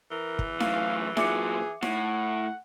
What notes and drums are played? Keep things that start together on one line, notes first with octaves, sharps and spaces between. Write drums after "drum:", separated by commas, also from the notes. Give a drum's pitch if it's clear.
E3 A#4
drum: kick
F#2 A2 F5, drum: snare D#4
A#2 F#3 G#4 E5 D6 C#7, drum: snare D#4
A2 F#5, drum: snare D#4